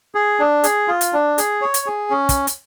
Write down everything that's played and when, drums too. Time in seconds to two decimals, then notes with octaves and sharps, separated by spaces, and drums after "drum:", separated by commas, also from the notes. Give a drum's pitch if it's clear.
0.15 G#4
0.40 D4
0.64 G#4, drum: hi-hat
0.88 F4
1.01 drum: hi-hat
1.13 D4
1.38 G#4, drum: hi-hat
1.61 C#5
1.74 drum: hi-hat
1.86 G#4
2.10 C#4
2.29 drum: kick, hi-hat
2.47 drum: hi-hat